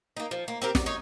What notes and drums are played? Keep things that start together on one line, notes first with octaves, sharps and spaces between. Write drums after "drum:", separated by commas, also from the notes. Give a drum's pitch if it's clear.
A#3 D#4
F3
A#3
C4 G4 A#4
D5, drum: snare
D#4 C#5